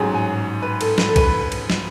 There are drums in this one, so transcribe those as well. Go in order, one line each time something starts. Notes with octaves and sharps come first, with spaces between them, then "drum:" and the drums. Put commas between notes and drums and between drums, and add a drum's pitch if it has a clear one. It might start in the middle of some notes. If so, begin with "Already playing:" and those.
Already playing: A1 G#2 F#3 G#5
G#5
B4
A4, drum: cymbal
B4, drum: snare
A4
B4, drum: kick B1, cymbal
drum: cymbal
drum: snare